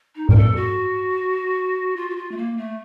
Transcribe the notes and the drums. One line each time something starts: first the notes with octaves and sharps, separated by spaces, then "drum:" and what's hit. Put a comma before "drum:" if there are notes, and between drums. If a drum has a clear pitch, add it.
D#4
A#4, drum: tom G#2
A4
F#4
F4
F#4
F4
A3
A#3
A3